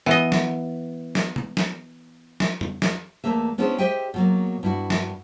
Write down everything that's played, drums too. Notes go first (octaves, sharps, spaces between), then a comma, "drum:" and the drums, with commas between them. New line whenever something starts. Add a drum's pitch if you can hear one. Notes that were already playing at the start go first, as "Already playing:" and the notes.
E3 B3 D#5
drum: snare
drum: snare
drum: tom B2
drum: snare
drum: snare
drum: tom F2
drum: snare
E2 A3 A#3 E5
B3 C#4 D4 E4 G#4 C5
G4 C5 D#5 E5 G5
B2 F#3 A#3
G2 E4 F#4
drum: snare